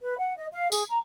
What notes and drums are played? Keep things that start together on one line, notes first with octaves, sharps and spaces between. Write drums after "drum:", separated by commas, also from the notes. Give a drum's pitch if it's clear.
B4
F#5
D#5
F5
G#4, drum: tambourine
A#5